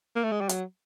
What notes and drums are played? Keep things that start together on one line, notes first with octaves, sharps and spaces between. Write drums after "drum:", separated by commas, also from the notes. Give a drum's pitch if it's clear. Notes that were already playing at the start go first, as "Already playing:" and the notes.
A#3
A3
G#3
G3
F#3, drum: hi-hat